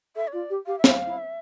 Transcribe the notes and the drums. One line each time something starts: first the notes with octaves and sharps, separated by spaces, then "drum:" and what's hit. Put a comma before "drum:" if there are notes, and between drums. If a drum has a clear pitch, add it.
A4 E5
C#5
F4 D5
G4
G4 F5
E5
E4 F5, drum: snare
E4
E5